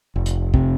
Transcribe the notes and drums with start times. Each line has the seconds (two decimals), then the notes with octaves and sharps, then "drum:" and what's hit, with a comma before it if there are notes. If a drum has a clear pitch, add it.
0.16 F1
0.26 drum: hi-hat
0.54 C3, drum: kick